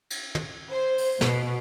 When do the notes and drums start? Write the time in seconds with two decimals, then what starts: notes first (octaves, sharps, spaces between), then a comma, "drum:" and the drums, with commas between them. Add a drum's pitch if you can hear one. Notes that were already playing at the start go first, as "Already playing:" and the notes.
0.10 drum: cymbal
0.35 drum: tom
0.71 C5
0.98 drum: open hi-hat
1.21 B2, drum: snare